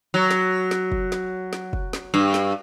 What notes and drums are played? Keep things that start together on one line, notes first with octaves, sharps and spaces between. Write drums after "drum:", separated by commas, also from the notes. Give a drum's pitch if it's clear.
F#3
drum: snare
drum: snare
drum: kick
drum: snare
drum: snare
drum: kick
drum: snare
G2
drum: snare